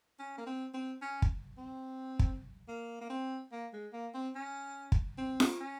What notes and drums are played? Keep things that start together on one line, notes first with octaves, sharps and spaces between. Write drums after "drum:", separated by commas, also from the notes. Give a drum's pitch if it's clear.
C#4
A#3
C4
C4
C#4
drum: kick
C4
drum: kick
A#3
A#3
C4
A#3
G#3
A#3
C4
C#4
drum: kick
C4
drum: snare F4
C#4